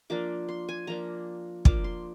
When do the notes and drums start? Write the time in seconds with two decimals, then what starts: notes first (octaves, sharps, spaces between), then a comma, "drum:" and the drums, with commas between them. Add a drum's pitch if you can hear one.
0.10 F3 A#3 D4 D6
0.49 C6
0.69 G#5
0.87 F3 A#3 D4 A#5
1.65 F3 A#3 D4 D6, drum: kick
1.84 C6